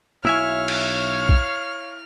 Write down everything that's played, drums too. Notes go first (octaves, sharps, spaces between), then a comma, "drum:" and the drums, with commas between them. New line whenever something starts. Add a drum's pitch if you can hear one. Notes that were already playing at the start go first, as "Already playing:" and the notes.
B1 E4 C#5 E5 F5 G#5 F6
drum: cymbal
drum: kick